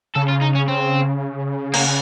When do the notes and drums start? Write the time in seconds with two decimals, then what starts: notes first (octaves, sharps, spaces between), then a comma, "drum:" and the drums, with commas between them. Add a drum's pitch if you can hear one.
0.16 C#3 A4
0.29 F4
0.42 D#4
0.55 C#4
0.68 C4
1.74 A#3, drum: cymbal